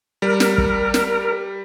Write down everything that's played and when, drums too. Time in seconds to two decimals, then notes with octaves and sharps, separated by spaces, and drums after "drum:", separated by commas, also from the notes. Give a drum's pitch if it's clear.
0.22 G3 A#4
0.40 drum: snare
0.58 drum: kick
0.94 drum: snare